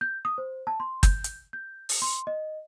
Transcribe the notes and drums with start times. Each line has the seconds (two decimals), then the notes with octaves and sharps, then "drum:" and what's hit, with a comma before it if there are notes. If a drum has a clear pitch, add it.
0.01 G6
0.25 D#6
0.38 C5
0.67 A5
0.80 C6
1.03 G6, drum: kick, hi-hat
1.24 drum: hi-hat
1.53 G6
1.89 drum: open hi-hat
2.02 C6
2.27 D#5